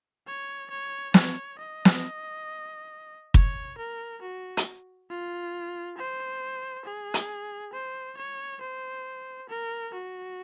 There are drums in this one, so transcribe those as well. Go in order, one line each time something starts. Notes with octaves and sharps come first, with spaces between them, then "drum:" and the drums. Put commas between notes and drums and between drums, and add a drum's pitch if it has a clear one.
C#5
C#5
C#5, drum: snare
D#5
drum: snare
C#5, drum: kick
A#4
F#4
drum: hi-hat
F4
C5
G#4
drum: hi-hat
C5
C#5
C5
A#4
F#4